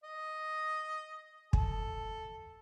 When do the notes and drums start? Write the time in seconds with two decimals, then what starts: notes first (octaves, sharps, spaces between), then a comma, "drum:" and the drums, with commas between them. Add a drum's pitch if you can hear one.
0.04 D#5
1.53 A4, drum: kick